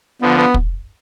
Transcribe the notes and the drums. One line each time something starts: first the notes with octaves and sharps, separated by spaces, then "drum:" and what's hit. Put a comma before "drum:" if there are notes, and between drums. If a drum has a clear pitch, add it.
D3 F3 B3
B3
drum: kick